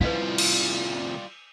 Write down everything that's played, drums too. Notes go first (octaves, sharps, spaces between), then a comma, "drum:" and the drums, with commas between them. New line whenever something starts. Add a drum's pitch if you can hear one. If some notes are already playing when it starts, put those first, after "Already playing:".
C2 F3 G3 E4 F4 B4 D#5 F5
drum: cymbal